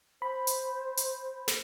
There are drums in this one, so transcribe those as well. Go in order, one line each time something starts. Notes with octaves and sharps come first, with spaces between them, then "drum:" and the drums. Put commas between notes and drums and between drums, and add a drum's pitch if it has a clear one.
C5 B5
drum: hi-hat
drum: hi-hat
drum: snare